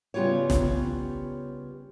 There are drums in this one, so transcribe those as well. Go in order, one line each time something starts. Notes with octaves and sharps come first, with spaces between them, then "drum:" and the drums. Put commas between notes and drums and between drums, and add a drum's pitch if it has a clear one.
C#3 G3 B3 F4 G4 C#5
drum: snare